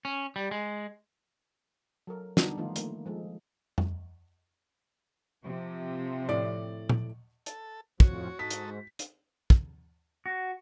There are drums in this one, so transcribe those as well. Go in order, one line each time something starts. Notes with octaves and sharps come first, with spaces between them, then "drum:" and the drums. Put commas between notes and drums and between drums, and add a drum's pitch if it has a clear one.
C#4
G3
G#3
F#3 A4 A#4
D3 G3 B3 D4 D#4, drum: snare
D#3 F3 A3 B3 D#4 F4
A3 A#3, drum: hi-hat
F3 G#3 A4
drum: tom F2
C3 F3
A2 D5
drum: tom A#2
A4, drum: hi-hat
F2 A2 F3 F#4 C#5, drum: kick
G#2 D#4 A4 B6
drum: hi-hat
drum: hi-hat
drum: kick
F#4